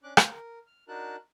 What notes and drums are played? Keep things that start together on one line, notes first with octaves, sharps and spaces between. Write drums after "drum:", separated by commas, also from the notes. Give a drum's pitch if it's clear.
C#4 D4 D6 F#6
A#3 C5, drum: rim click
A#4
F6
D4 D#4 F#4 A#4 A5 F#6